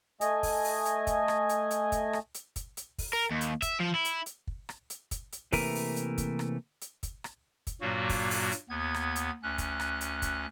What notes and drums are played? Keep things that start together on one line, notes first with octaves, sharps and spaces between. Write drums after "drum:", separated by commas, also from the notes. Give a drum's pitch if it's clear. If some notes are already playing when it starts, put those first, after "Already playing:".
A3 D#5 G#5, drum: hi-hat
drum: kick, open hi-hat
drum: open hi-hat
drum: hi-hat
drum: kick, hi-hat
drum: rim click
drum: hi-hat
drum: hi-hat
drum: kick, hi-hat
drum: rim click
drum: hi-hat
drum: kick, hi-hat
drum: hi-hat
drum: kick, open hi-hat
A#4
D#2
drum: hi-hat
E5, drum: kick, hi-hat
F3
E4
drum: hi-hat
drum: hi-hat
drum: kick
drum: rim click
drum: hi-hat
drum: kick, hi-hat
drum: hi-hat
C3 E3 A3 A#3 A#4 B4, drum: kick, open hi-hat
drum: open hi-hat
drum: hi-hat
drum: kick, hi-hat
drum: rim click
drum: hi-hat
drum: kick, hi-hat
drum: rim click
drum: kick, hi-hat
G2 A#2 F#3 A#3 F#4
drum: kick, open hi-hat
drum: open hi-hat
drum: hi-hat
D#2 B3 G#6
drum: rim click
drum: hi-hat
D2 C#4 F#6
drum: kick, hi-hat
drum: rim click
drum: hi-hat
drum: kick, hi-hat